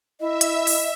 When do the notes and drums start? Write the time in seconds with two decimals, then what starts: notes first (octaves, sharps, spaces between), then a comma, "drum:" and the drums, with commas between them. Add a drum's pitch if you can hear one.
0.20 E4 D#5 E5
0.41 drum: hi-hat
0.67 drum: open hi-hat